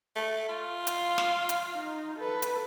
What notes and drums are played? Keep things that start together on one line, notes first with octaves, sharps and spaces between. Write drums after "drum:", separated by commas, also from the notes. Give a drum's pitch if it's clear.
A3
F4
F5, drum: hi-hat
drum: snare
drum: hi-hat
D#4
A4 B4
drum: hi-hat